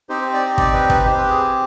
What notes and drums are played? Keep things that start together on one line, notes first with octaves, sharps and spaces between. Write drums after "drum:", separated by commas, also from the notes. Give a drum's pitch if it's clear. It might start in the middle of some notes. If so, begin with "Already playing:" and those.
C4 D#4 G4 C5
C5
D5
D#5
D5, drum: kick
B4
B4, drum: kick
C4 G4 C5
B4
G#4